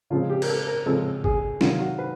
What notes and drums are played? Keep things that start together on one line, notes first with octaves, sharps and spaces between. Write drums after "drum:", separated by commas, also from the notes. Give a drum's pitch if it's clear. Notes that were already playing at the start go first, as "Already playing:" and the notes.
C#3 F3 G#3 C4 F4
G4
A#4, drum: cymbal
A4
A#4
C#3 F3 G#3 C4 A4
G#4, drum: kick
C3 D#3 F#3 F4, drum: snare
F#4
B4